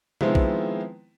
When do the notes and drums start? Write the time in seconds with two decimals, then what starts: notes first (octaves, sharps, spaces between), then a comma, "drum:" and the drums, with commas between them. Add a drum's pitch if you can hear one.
0.21 D#3 F3 G#3 B3 C4 E4, drum: tom C3
0.35 drum: kick B1